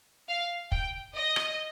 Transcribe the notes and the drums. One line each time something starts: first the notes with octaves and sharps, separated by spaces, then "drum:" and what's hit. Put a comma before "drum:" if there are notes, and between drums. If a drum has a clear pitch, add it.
F5
G5, drum: kick
D#5
drum: rim click